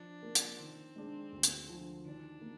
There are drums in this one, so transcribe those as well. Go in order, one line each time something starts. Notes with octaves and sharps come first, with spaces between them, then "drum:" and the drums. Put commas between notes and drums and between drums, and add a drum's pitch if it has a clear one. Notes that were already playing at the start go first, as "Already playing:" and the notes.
Already playing: F3 D4
A#3 F4 A#4
drum: hi-hat
D#3 C4
G#3 D4 G#4
D2
drum: hi-hat
D3 F3
D#3 D4
A#3